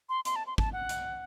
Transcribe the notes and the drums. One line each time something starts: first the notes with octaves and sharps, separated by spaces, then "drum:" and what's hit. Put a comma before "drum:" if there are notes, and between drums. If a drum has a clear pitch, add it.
C6
C6, drum: hi-hat
A5
C6
A5, drum: kick
F#5
drum: hi-hat